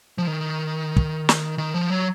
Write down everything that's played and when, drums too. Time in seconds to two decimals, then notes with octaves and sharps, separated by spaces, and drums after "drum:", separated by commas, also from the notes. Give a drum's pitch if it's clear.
0.18 F3
0.27 D#3
0.96 drum: kick
1.29 drum: snare
1.58 D#3
1.74 F3
1.90 F#3